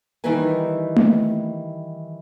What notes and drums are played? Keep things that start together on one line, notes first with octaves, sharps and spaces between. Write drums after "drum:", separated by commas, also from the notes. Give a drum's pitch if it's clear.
D#3 E3 G3 D#4 B4 G#5
drum: tom A3